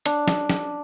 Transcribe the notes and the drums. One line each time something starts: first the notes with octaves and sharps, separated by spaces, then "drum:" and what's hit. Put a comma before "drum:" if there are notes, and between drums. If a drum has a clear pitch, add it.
D4, drum: hi-hat
drum: snare
drum: snare